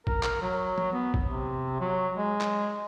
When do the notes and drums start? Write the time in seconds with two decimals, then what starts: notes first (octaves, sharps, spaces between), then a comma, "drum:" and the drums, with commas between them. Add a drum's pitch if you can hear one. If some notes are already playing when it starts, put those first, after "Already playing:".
0.07 A#4, drum: kick
0.23 A#4, drum: clap
0.41 F#3
0.78 drum: tom
0.92 B3
1.14 drum: kick
1.24 C3
1.80 F#3
2.17 G#3
2.41 drum: clap